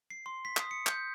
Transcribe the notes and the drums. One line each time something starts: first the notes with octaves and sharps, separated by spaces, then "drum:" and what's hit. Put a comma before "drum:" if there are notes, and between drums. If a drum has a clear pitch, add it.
C7
C6
B6
D#6, drum: clap
C#7
G6, drum: clap